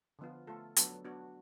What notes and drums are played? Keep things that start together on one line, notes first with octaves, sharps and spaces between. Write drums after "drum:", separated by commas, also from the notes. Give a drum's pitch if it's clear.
D3 F3 B3 F4
A3 F4 A4
F#3 B3 D4 F#4 A4, drum: hi-hat
B3 D4 F#4